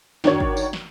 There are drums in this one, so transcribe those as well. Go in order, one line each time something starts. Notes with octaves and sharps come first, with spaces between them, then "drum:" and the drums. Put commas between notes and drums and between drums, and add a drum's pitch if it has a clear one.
D#3 D4 F#4 C#5, drum: snare
drum: kick G1
drum: tambourine
drum: snare